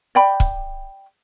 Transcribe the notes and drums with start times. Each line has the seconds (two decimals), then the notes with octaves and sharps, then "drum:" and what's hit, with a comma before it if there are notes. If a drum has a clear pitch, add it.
0.15 D5 G5 B5
0.40 drum: kick